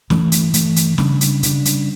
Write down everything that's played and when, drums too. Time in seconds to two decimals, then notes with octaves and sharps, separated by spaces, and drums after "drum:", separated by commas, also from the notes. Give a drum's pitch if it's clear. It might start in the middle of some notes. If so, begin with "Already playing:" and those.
0.10 G2 E3 A3, drum: snare
0.32 drum: hi-hat
0.54 G2 E3 A3, drum: hi-hat
0.76 drum: hi-hat
0.98 C#3 G3 D4, drum: snare
1.21 drum: hi-hat
1.43 C#3 G3 D4, drum: hi-hat
1.65 drum: hi-hat